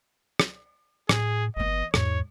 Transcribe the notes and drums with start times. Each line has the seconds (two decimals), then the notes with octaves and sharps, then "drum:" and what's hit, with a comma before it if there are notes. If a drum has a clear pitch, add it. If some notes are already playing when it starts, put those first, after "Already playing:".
0.40 drum: rim click
1.09 A2 G#4, drum: rim click
1.56 G1 E3 B3 D#5
1.94 E2 G#2 C#5, drum: rim click